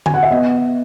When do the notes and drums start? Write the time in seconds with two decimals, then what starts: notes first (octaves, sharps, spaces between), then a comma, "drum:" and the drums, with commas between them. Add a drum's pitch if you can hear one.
0.06 G#5, drum: tom D3
0.14 F#5
0.23 E5
0.31 B3 D#5